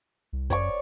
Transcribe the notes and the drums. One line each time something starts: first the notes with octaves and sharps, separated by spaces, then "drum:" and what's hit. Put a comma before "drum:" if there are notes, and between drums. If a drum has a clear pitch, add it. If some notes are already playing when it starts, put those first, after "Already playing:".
C2
F#2 C#5 D5 C#6, drum: kick